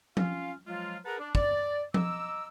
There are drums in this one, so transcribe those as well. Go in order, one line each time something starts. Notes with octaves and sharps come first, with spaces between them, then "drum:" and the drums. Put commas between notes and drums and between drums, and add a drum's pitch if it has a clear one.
C#4 F4 F5, drum: tom F3
F3 F#3 G#3 F4
G#4 A#4 B4 F#5 A5 A#5
D4
D5, drum: kick
D#5 A#5 D6 E6, drum: tom F3